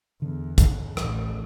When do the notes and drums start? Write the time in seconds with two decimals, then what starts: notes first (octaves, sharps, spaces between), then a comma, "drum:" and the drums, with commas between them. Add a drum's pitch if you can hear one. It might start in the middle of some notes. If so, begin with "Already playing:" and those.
0.22 E2 D3
0.58 drum: kick, hi-hat
0.97 A1, drum: rim click